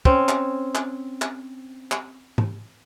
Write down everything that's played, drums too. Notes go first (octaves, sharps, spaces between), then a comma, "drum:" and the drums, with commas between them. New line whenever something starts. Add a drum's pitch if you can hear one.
C4 C#4, drum: kick
drum: clap
drum: clap
drum: clap
drum: clap
drum: tom G#2